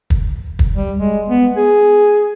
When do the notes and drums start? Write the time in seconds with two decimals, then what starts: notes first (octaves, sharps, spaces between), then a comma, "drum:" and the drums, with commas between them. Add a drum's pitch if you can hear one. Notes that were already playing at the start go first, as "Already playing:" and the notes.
0.10 drum: kick
0.59 drum: kick
0.75 G3
0.99 G#3
1.28 B3
1.57 G#4